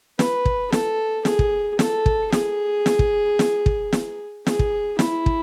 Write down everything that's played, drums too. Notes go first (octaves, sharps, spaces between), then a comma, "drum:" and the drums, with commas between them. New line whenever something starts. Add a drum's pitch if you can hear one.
B4, drum: snare
drum: kick
A4, drum: snare
G#4, drum: snare
drum: kick
A4, drum: snare
drum: kick
G#4, drum: snare
drum: snare
drum: kick
drum: snare
drum: kick
drum: snare
G#4, drum: snare
drum: kick
E4, drum: snare
drum: kick